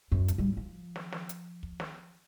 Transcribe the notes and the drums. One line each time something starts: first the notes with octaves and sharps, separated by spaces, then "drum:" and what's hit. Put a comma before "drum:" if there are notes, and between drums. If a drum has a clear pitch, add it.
F#2
drum: kick, hi-hat
G#2 G3
F3
drum: snare
drum: snare
drum: hi-hat
drum: kick
drum: snare